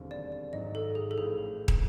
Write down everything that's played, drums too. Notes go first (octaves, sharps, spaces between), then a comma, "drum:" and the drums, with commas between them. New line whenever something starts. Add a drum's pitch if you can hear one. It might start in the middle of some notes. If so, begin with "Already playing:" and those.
Already playing: E1 D#2 D3 G3 C4
D5
D5
G#1 G#2 D#3 F#3 D#5
A4
G#4
A4
A1 A2 F3 G#4
drum: kick